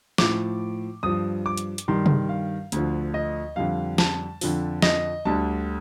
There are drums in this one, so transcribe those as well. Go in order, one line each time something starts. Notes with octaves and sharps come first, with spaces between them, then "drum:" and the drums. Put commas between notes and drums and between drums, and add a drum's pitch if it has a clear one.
A2 F3 D6, drum: snare
G2 F3 D#6
D6
drum: hi-hat
drum: hi-hat
G2 D#3 G3 C6
drum: tom C3
F5
D2 D3 F3, drum: hi-hat
D#5
F2 D3 G3 F5
A5, drum: snare
F2 D3 F3, drum: open hi-hat
D#5, drum: snare
D2 D3 G3 A5